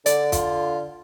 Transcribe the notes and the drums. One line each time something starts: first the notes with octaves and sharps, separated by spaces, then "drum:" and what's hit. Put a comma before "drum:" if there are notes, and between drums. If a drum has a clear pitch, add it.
D3 D5, drum: hi-hat
F4, drum: kick, hi-hat